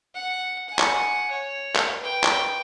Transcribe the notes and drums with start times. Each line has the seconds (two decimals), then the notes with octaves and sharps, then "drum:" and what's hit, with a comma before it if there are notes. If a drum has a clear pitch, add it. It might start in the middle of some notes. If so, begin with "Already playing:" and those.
0.15 F#5
0.68 F#5 G#5
0.79 drum: clap
1.31 C#5
1.75 drum: clap
2.00 B4 G5
2.24 drum: clap